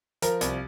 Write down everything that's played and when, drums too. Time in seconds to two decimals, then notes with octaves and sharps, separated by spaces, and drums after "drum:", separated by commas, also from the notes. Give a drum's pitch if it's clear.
0.22 F3 A#4, drum: hi-hat
0.41 C2, drum: hi-hat